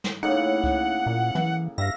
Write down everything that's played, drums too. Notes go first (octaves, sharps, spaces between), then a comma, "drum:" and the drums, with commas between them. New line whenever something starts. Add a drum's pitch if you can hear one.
drum: snare
A2 C#3 A#3 D#4 F#5
drum: kick C#2
A#2
E3, drum: tom
G2 E5 F5 A#6